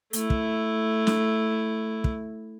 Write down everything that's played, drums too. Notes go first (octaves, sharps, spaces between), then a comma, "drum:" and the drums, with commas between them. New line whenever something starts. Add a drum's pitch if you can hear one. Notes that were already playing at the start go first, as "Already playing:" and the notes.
A3 E4, drum: hi-hat
drum: kick
drum: snare
drum: kick